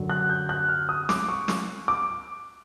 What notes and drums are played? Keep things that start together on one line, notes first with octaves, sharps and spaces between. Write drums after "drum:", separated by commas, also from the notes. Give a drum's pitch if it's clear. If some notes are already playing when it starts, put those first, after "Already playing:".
Already playing: F#2 D3 F#3
F#6
G6
F#6
F6
D#6
D6, drum: snare
C#6
drum: snare
D6